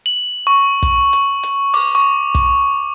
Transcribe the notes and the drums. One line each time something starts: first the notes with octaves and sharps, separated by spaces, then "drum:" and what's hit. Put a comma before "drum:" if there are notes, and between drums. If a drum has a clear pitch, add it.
F#7
C#6
drum: kick, hi-hat
drum: hi-hat
drum: hi-hat
D6, drum: open hi-hat
C#6
drum: kick, hi-hat